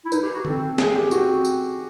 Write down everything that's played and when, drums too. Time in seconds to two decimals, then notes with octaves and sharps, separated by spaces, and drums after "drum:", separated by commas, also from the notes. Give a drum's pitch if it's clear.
0.05 E4
0.12 D#4 B4, drum: tambourine
0.23 G4
0.34 F#4
0.45 C4 A4, drum: tom D3
0.78 G#4, drum: snare
0.95 G4
1.11 C4 F#4, drum: tambourine
1.45 drum: tambourine